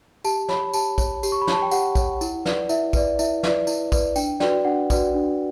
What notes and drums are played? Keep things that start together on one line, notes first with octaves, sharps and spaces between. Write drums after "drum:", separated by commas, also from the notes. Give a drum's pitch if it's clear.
G4 A5, drum: tambourine
C#5 B5, drum: snare
G4 A5, drum: tambourine
C#5, drum: kick A#1, tambourine
G4, drum: tambourine
C#6
B5
C#5 A5, drum: snare
G5
G4 F#5, drum: tambourine
C#5, drum: kick A#1, tambourine
E4, drum: tambourine
B4 D5, drum: snare
E4 E5, drum: tambourine
B4 D5, drum: kick A#1, tambourine
E4 E5, drum: tambourine
B4 D5, drum: snare
E4, drum: tambourine
B4 D5, drum: kick A#1, tambourine
D4 G5, drum: tambourine
F#4 B4 D5 G5, drum: snare
D4 F#5
F#4 B4 D5, drum: kick A#1, tambourine
D4